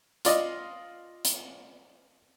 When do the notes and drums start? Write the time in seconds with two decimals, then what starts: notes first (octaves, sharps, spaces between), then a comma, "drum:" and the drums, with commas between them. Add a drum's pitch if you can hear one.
0.25 F4 D5 D#5, drum: hi-hat
1.25 drum: hi-hat